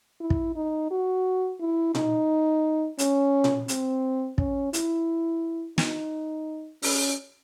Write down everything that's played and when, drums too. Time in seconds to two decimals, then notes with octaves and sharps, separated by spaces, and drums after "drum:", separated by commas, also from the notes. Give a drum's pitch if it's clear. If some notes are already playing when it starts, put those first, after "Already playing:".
0.20 E4
0.30 drum: kick
0.56 D#4
0.91 F#4
1.60 E4
1.95 D#4, drum: tom A#2
2.99 C#4, drum: hi-hat
3.44 drum: tom A#2
3.68 C4, drum: hi-hat
4.38 C#4, drum: kick
4.73 E4, drum: hi-hat
5.78 D#4, drum: snare
6.82 C#4, drum: open hi-hat